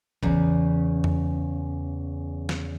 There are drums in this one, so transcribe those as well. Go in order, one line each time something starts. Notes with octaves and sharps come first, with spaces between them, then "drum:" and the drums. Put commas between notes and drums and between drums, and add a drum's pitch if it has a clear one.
E2 C#3, drum: kick
drum: tom E2
drum: snare